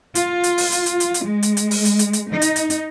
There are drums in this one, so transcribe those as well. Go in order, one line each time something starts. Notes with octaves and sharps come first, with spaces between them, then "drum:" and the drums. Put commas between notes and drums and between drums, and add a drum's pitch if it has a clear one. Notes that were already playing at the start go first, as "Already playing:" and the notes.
F4, drum: hi-hat
drum: hi-hat
drum: open hi-hat
drum: hi-hat
drum: hi-hat
drum: hi-hat
drum: hi-hat
G#3
drum: hi-hat
drum: hi-hat
drum: open hi-hat
drum: hi-hat
drum: hi-hat
drum: hi-hat
D#4
drum: hi-hat
drum: hi-hat
drum: hi-hat